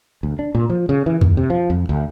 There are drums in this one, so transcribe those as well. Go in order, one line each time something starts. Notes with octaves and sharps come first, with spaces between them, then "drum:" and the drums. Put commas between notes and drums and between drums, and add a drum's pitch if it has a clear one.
D2
D4
A#2
F3
C#3
E3
D#2, drum: tom F2
C3
F3
F2
D2